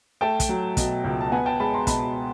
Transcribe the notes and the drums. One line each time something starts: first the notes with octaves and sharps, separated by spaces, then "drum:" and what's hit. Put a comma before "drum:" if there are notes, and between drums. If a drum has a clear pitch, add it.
A3 G5 A5
drum: kick, hi-hat
F#3
B2, drum: kick, hi-hat
C#2
A5
B3 F#5 G#5
G5 A5
G#3 A5 B5
A#5 C6
B2 A5 B5, drum: kick, hi-hat